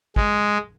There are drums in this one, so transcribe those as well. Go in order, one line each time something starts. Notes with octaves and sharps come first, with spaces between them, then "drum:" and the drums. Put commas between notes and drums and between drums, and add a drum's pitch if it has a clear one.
G#3, drum: kick